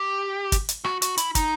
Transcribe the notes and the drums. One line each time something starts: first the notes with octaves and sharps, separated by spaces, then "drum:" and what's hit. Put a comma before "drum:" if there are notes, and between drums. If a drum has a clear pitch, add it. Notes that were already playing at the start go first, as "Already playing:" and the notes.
Already playing: G4
drum: kick, hi-hat
drum: hi-hat
F#4, drum: rim click
F#4, drum: hi-hat
E4, drum: hi-hat
D#4, drum: kick, hi-hat